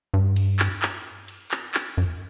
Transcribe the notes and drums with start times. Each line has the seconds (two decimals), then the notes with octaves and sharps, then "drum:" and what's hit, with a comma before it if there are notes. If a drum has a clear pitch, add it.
0.14 G2
0.36 drum: cymbal
0.59 drum: clap
0.82 drum: clap
1.28 drum: cymbal
1.51 drum: clap
1.74 drum: clap
1.98 F#2